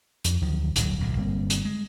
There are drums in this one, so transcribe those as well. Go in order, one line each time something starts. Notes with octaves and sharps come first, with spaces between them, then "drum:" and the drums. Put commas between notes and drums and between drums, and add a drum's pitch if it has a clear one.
F2, drum: hi-hat
D2 D#3 F3 F#3
D1 G#1 F#3, drum: hi-hat
D1 B1 A#2
G1 G3 A#3 C4
drum: hi-hat
G#3